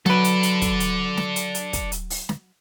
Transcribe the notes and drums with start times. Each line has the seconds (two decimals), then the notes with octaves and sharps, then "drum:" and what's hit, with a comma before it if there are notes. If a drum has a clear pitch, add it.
0.06 F#3 A4 B4 D5, drum: snare
0.24 drum: hi-hat
0.43 drum: hi-hat
0.62 drum: kick, hi-hat
0.80 drum: hi-hat
1.17 drum: snare
1.36 drum: hi-hat
1.55 drum: hi-hat
1.73 drum: kick, hi-hat
1.92 drum: hi-hat
2.10 drum: open hi-hat
2.29 drum: snare